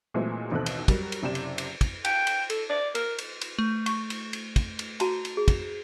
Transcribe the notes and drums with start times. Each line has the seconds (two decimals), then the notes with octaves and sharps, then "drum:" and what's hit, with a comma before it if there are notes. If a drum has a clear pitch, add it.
0.14 A#2 E3 F#3 G#3 A3 C4
0.51 A1 D#2 B2 C4 A4 F#6
0.66 drum: cymbal
0.88 F#3 G3 A#4, drum: kick, cymbal
1.12 drum: cymbal
1.22 F#1 C3 G4 D5 E7
1.35 drum: cymbal
1.58 drum: cymbal
1.81 drum: kick, cymbal
2.05 G5, drum: cymbal
2.27 drum: cymbal
2.50 A4, drum: cymbal
2.69 D5
2.95 A#4, drum: cymbal
3.18 drum: cymbal
3.41 drum: cymbal
3.59 A3
3.86 C#6, drum: cymbal
4.10 drum: cymbal
4.33 drum: cymbal
4.56 drum: kick, cymbal
4.79 drum: cymbal
5.00 F#4 A5 A#5, drum: cymbal
5.25 drum: cymbal
5.37 G#4
5.48 drum: kick, cymbal